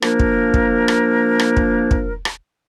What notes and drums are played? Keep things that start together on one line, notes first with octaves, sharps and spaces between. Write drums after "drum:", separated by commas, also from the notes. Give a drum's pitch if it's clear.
F3 A#3 D4 A#4, drum: rim click
drum: kick
drum: kick
drum: rim click
drum: rim click
drum: kick
drum: kick
drum: rim click